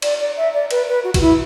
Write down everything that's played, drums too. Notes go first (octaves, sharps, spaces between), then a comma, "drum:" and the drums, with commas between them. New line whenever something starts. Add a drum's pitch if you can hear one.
D5, drum: cymbal
D5
E5
D5
B4, drum: cymbal
B4
F#4
F#4, drum: kick, cymbal
E4